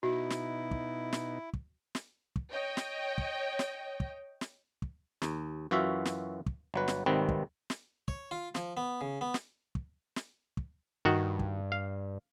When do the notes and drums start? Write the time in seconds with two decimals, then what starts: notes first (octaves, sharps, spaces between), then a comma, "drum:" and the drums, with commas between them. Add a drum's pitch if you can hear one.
0.03 B2 D#4 E4 F#4
0.30 drum: snare
0.71 drum: kick
1.13 drum: snare
1.54 drum: kick
1.95 drum: snare
2.36 drum: kick
2.51 C#5 D#5 G5
2.77 drum: snare
3.18 drum: kick
3.59 drum: snare
4.00 drum: kick
4.41 drum: snare
4.82 drum: kick
5.22 D#2, drum: snare
5.71 F#2 E3 F4 F#4 E5
6.05 drum: snare
6.47 drum: kick
6.74 G1 F#3 B4
6.88 drum: snare
7.06 G#1 C3 D#3 G3 C4 B4
7.29 drum: kick
7.70 drum: snare
8.08 C#5, drum: kick
8.31 F4
8.55 F3, drum: snare
8.77 B3
9.01 C#3
9.21 B3
9.34 drum: snare
9.75 drum: kick
10.16 drum: snare
10.57 drum: kick
11.05 G2 D#3 F#4
11.39 drum: kick
11.72 F5